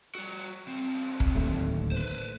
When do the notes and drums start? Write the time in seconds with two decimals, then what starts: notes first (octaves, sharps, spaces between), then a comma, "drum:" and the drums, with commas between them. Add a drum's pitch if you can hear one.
0.15 G3 F#4
0.67 E2 C4
1.20 drum: kick
1.35 D1 D#2 A3
1.92 B4 C5